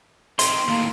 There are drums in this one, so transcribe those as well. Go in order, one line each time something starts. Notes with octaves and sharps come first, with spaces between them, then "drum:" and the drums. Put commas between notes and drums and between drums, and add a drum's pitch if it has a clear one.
D#3 C4 C6, drum: hi-hat
D#2 A2 A#3